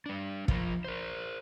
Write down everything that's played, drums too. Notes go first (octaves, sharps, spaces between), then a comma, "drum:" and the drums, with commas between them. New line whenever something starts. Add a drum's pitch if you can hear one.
G3 D4
F3 F4 A#4, drum: kick
A#4 C5